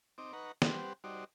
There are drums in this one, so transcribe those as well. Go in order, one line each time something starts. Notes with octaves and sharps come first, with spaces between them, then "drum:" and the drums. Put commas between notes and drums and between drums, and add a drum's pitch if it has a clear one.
C4 D#4 D6
D#4 B4 F#5 A#5 C#6
G3 C4 G4 B4 C5 F#5, drum: snare
G3 D#4 F#4 C5 D5